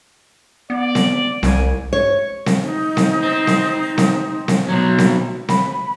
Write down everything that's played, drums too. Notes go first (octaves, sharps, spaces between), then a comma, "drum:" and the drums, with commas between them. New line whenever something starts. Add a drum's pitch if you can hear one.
B3 D5
drum: snare C4
C2 G#5, drum: snare C4
C#5
drum: snare C4
D#4
drum: snare C4
C4
drum: snare C4
drum: snare C4
drum: snare C4
B2 F#3 A#5
drum: snare C4
B5, drum: snare C4